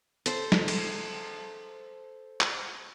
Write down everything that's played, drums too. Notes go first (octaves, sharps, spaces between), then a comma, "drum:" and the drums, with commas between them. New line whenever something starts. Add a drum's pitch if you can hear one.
A4 C5, drum: hi-hat
drum: snare
drum: cymbal
drum: clap